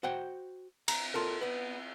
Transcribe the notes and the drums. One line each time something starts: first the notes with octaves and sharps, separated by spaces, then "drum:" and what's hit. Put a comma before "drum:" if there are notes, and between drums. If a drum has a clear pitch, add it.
F#4 C5 F#5 G5
A#5, drum: cymbal
F4 A4 A#4
B3 B4